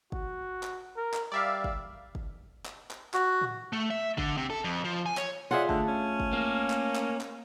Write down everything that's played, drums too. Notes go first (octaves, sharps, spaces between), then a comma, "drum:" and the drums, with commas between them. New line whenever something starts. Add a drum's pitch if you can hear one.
F#4, drum: kick
drum: clap
A#4
drum: clap
G3 D5 E5 F5
drum: kick
drum: kick
drum: clap
drum: clap
F#4, drum: clap
drum: tom A2
A3
E5
D3, drum: kick
C3
A4
F2
F3
G#5
C#5, drum: clap
F4 G#4 C#5 D5 E5 F#5
D3 A3 A5, drum: kick
C#4
drum: kick
A#3
drum: clap
drum: clap
drum: clap